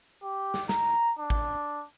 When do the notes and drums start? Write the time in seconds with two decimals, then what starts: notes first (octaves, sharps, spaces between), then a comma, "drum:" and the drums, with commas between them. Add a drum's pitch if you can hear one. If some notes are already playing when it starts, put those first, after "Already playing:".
0.23 G4
0.54 drum: snare
0.69 A#5, drum: snare
1.19 D4
1.30 drum: kick G#1